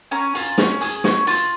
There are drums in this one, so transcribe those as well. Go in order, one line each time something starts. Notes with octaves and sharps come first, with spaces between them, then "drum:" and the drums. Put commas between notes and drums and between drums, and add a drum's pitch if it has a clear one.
C#4 G#5 A#5
F4, drum: hi-hat
C#4, drum: snare
G#4, drum: hi-hat
C#4, drum: snare
F4, drum: hi-hat